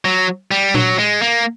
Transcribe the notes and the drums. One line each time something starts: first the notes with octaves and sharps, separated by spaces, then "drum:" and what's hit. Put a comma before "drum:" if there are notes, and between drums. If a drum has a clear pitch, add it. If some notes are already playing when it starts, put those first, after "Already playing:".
F#3
G3
F#3, drum: tom A#2
G#3
A#3